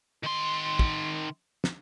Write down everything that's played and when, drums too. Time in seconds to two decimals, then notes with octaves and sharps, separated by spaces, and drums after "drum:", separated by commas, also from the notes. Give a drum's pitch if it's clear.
0.23 D#3 C6
0.79 drum: kick
1.64 drum: snare